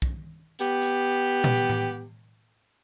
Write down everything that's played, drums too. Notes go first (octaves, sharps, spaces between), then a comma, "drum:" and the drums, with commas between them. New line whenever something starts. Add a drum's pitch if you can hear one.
drum: kick B1
B3 G4, drum: hi-hat
drum: hi-hat
drum: tom A#2
drum: tom A2